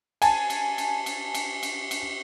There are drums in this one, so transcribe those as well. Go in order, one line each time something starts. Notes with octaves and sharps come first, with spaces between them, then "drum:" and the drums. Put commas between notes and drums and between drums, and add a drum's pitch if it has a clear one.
G#5 A5, drum: cymbal
drum: cymbal
drum: cymbal
drum: cymbal
drum: cymbal
drum: cymbal
drum: cymbal